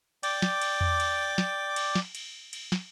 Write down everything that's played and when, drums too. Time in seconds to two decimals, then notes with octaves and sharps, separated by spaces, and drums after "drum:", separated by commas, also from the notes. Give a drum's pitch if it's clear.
0.23 D5 G5 D6, drum: cymbal
0.42 drum: snare
0.62 drum: cymbal
0.81 drum: tom E2
1.00 drum: cymbal
1.38 drum: snare
1.76 drum: cymbal
1.95 drum: snare
2.15 drum: cymbal
2.53 drum: cymbal
2.72 drum: snare